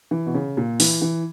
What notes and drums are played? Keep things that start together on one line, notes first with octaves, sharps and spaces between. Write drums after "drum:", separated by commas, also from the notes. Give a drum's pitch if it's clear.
E3
B2
C#3
A#2
E3, drum: open hi-hat
E3